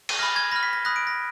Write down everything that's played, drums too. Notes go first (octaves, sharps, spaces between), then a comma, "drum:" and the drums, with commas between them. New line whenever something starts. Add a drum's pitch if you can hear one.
D#7, drum: cymbal
B5 F6 A#6
G#6
B5 F6 A#6
B6
A#6
B5 D#6 F#6 A#6
D7
A#6